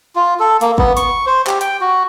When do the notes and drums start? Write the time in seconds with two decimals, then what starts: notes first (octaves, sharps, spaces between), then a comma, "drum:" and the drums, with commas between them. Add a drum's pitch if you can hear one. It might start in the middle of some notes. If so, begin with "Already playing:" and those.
0.16 F4
0.39 A4
0.61 A#3, drum: hi-hat
0.78 B3, drum: kick
0.97 C#6, drum: hi-hat
1.26 C5
1.47 G4, drum: clap
1.61 G5, drum: hi-hat
1.81 F#4